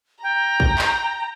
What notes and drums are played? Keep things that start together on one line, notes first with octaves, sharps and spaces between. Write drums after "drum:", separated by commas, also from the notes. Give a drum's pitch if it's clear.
G5 A#5
drum: kick
drum: clap